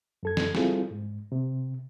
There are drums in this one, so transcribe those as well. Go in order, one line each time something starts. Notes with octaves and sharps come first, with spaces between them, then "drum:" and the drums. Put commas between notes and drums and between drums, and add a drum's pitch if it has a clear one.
F#2 A4 G#6
drum: snare
G3 C4 E4 F4 G#4 A4, drum: snare
G#2
C3